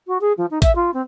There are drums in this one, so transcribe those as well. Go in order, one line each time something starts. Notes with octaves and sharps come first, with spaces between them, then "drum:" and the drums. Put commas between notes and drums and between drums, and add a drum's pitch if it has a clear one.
F#4
G#4
F3
D#4
E5, drum: kick A1, hi-hat
F4
C4